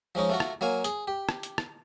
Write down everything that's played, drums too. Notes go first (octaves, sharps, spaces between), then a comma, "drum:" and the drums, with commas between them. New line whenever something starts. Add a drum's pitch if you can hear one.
F3 G#3 C#4 D#4
A3 F4 F#4
drum: rim click
F#3 A#3 F5 G#5
G#4, drum: hi-hat
G4
drum: rim click
drum: hi-hat
drum: rim click